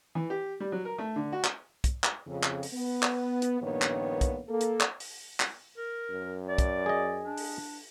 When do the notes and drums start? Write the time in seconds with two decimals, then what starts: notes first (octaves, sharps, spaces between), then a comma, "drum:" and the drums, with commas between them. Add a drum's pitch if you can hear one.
0.15 E3
0.30 G4
0.60 G3
0.72 F#3
0.85 A#4
0.98 A3
1.16 D3
1.32 F#4
1.44 drum: clap
1.84 drum: kick, hi-hat
2.04 drum: clap
2.27 F2 C#3
2.43 drum: clap
2.63 drum: open hi-hat
2.73 B3
3.03 drum: clap
3.42 drum: hi-hat
3.61 A#1 G2 D#3 A#3 B3 C#5
3.82 drum: clap
4.21 drum: kick, hi-hat
4.48 A#3 A4
4.61 drum: hi-hat
4.81 drum: clap
5.00 drum: open hi-hat
5.40 drum: clap
5.77 A#4
6.10 F#2
6.49 D5
6.58 drum: kick, hi-hat
6.86 G#4 D#5
7.25 D4
7.38 drum: open hi-hat